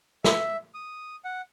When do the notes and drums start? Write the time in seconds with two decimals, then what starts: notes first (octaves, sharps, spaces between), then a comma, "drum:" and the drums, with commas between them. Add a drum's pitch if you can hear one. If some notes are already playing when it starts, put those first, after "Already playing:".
0.24 E5, drum: snare
0.74 D#6
1.25 F#5